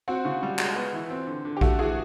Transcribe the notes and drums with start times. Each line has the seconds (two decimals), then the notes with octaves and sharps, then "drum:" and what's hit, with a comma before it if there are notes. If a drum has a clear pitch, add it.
0.08 C4 F#4
0.25 C#3
0.43 G3
0.59 G#3, drum: clap
0.76 B3
0.93 E3
1.10 C4
1.27 D3
1.45 D3
1.57 G4
1.61 A3 F#4, drum: kick A#1
1.79 E3 F#4 G#4